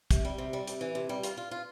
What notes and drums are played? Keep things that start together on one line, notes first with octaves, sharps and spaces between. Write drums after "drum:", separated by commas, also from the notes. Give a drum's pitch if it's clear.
C3, drum: kick, hi-hat
G3
C3
G3
C3, drum: hi-hat
E3
C3
G3
F4, drum: hi-hat
F4
F4